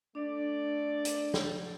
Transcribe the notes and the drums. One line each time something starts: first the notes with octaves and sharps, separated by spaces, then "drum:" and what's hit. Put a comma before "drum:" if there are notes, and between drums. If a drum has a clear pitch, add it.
A3 D4 D5
drum: hi-hat
drum: snare